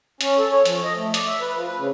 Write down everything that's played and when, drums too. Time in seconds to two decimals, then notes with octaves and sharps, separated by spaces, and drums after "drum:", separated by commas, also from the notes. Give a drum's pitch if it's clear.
0.21 C#4, drum: hi-hat
0.38 A4
0.52 C#5
0.65 F3, drum: hi-hat
0.84 D#5
0.96 A3
1.14 D5, drum: hi-hat
1.27 E5
1.41 B4
1.55 F3
1.66 B4
1.78 C#3